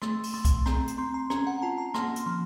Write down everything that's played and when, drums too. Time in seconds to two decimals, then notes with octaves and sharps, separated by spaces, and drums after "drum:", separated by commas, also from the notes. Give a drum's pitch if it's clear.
0.02 A3 C6, drum: rim click
0.23 drum: open hi-hat
0.34 A3 C6
0.45 drum: kick C2, hi-hat
0.66 C4 A#5, drum: rim click
0.87 drum: hi-hat
0.98 C4 C6
1.14 A#5
1.30 C#4 A#5, drum: rim click
1.47 F#5
1.62 F4 A5
1.78 A#5
1.94 A#3 C6, drum: rim click
2.16 drum: hi-hat
2.26 F3 C6